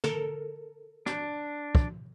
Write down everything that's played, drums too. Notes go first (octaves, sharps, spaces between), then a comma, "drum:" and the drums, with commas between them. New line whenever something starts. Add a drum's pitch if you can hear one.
A4 A#4, drum: tom
D4, drum: snare
drum: kick